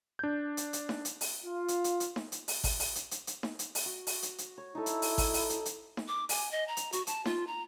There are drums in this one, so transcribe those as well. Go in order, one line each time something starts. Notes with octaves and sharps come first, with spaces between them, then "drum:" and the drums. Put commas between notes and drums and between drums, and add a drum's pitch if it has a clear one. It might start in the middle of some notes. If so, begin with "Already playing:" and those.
D4 G6
drum: hi-hat
drum: hi-hat
drum: snare D#4
drum: hi-hat
drum: open hi-hat
F4
drum: hi-hat
drum: hi-hat
drum: hi-hat
drum: snare D#4
drum: hi-hat
drum: open hi-hat
drum: kick G#1, open hi-hat
drum: open hi-hat
drum: hi-hat
drum: hi-hat
drum: hi-hat
drum: snare D#4
drum: hi-hat
drum: open hi-hat
F#4
drum: open hi-hat
drum: hi-hat
drum: hi-hat
C#5
D#4 E4 A4
drum: hi-hat
drum: open hi-hat
drum: kick G#1, open hi-hat
drum: open hi-hat
drum: hi-hat
drum: hi-hat
drum: snare D#4
D6
G#5, drum: open hi-hat
D#5
A#5
drum: hi-hat
F#4, drum: hi-hat
A5, drum: hi-hat
F4, drum: snare D#4
A#5